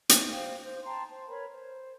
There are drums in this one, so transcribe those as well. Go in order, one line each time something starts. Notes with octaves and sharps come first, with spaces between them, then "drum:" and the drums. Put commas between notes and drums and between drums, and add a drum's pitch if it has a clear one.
drum: hi-hat
C5 F5 G5
C5
G5 A5 A#5 C6
C5
A#4 B4 C#5 B5
C5